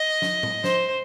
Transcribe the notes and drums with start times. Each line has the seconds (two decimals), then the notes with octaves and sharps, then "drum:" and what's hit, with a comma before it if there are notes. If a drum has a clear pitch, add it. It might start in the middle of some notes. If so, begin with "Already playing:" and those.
Already playing: D#5
0.22 drum: snare
0.43 drum: tom A2
0.64 C5, drum: snare